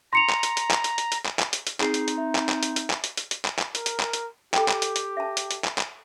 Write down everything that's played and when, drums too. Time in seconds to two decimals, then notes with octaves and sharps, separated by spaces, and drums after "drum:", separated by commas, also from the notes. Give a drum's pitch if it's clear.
0.13 A#5 C6 C#7 F7
0.29 drum: clap
0.43 drum: hi-hat
0.57 drum: hi-hat
0.71 drum: clap
0.84 drum: hi-hat
0.98 drum: hi-hat
1.12 drum: hi-hat
1.25 drum: clap
1.39 drum: clap
1.53 drum: hi-hat
1.67 drum: hi-hat
1.80 C4 D#4 G#4 C7, drum: clap
1.94 drum: hi-hat
2.08 drum: hi-hat
2.18 E5
2.35 drum: clap
2.49 drum: clap
2.63 drum: hi-hat
2.76 drum: hi-hat
2.90 drum: clap
3.04 drum: hi-hat
3.17 drum: hi-hat
3.31 drum: hi-hat
3.45 drum: clap
3.59 drum: clap
3.75 A#4, drum: hi-hat
3.86 drum: hi-hat
4.00 drum: clap
4.13 drum: hi-hat
4.54 G4 A4 G5, drum: clap
4.68 drum: clap
4.82 drum: hi-hat
4.96 drum: hi-hat
5.17 E5 A5
5.37 drum: hi-hat
5.51 drum: hi-hat
5.64 drum: clap
5.78 drum: clap